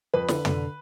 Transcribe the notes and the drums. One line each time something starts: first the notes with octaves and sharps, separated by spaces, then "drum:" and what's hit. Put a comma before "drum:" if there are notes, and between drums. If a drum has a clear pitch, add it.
F2 B4 B5
D3, drum: snare
D3, drum: tom